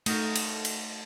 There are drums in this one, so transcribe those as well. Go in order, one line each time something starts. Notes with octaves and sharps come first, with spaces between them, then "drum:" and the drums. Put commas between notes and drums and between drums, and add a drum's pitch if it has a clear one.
A3 D#4 F#4 A#4, drum: cymbal
drum: cymbal
drum: cymbal